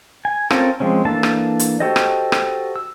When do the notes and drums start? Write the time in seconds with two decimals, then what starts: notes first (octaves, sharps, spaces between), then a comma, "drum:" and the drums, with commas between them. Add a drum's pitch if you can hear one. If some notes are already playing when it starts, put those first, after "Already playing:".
0.25 G#5
0.51 C4 C#4 F4 A4 A#4, drum: rim click
0.80 F3 G#3 C4 C#4
1.05 E3 A#3 D4 A4 A5
1.23 drum: rim click
1.59 drum: hi-hat
1.80 F#4 G4 A4 C5 D#5
1.96 drum: rim click
2.32 drum: rim click
2.76 E6